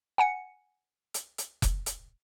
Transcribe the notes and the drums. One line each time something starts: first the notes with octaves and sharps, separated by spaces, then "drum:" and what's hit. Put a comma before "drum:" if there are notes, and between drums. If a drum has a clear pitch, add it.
F#5 G#5 C#7
drum: hi-hat
drum: hi-hat
drum: kick F1, hi-hat
drum: hi-hat